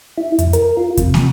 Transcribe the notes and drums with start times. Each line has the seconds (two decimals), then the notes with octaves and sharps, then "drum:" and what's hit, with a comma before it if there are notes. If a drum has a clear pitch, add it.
0.18 E4
0.39 F2, drum: hi-hat
0.53 A#4, drum: hi-hat
0.77 F4
0.97 C3, drum: kick E2, hi-hat
1.14 drum: snare